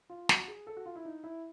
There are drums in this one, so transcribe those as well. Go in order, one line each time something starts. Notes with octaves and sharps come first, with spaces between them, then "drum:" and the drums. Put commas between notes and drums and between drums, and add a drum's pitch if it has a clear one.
F4
F#4, drum: snare
G#4
A4
F#4
F4
E4
D#4
E4